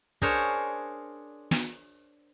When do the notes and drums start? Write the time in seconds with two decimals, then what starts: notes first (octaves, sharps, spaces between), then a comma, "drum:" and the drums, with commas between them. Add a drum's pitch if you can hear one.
0.22 D4 G#4 A#4 C5 C#5, drum: kick
1.51 drum: snare